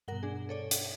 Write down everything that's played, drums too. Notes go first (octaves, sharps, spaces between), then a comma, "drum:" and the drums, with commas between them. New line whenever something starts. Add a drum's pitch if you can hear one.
G2 B2 A#4 F#5 G7
D4 G#4
A4 C#5 D5
drum: hi-hat